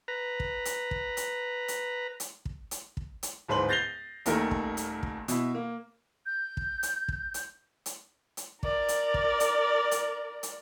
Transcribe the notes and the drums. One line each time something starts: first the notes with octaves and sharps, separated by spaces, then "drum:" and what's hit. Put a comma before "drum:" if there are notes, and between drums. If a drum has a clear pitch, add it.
B4 A#5
drum: kick
drum: hi-hat
drum: kick
drum: hi-hat
drum: hi-hat
drum: hi-hat
drum: kick
drum: hi-hat
drum: kick
drum: hi-hat
D1 G#2 B4 C5 F#7
G6 A6 A#6 C7 F7 G7
D#1 A#2 D#3 A3 A#4, drum: hi-hat
drum: kick
drum: hi-hat
drum: kick
B2 E4, drum: hi-hat
A#3
G6
drum: kick
drum: hi-hat
drum: kick
drum: hi-hat
drum: hi-hat
drum: hi-hat
A#4 D5, drum: kick
drum: hi-hat
drum: kick
drum: hi-hat
drum: hi-hat
drum: hi-hat